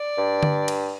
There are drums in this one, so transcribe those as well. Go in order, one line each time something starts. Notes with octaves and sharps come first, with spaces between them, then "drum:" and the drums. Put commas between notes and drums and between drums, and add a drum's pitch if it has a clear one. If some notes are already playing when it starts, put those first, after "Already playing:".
Already playing: D5
G2
drum: tom D3
drum: cymbal